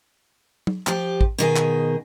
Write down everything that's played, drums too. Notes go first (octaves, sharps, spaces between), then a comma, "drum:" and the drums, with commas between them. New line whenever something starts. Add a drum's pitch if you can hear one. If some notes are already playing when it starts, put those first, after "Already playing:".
drum: tom
F3 G4, drum: clap
drum: kick
B2 D#3 G#4
drum: clap